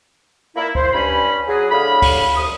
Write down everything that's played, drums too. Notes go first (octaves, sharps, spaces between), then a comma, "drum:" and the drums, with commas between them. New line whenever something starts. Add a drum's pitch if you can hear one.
A#3 E4
C5, drum: kick D2
G2 C#4 B5
F#3 G#4
A2 D3 F5 B5
drum: kick D2, open hi-hat
C2 D#6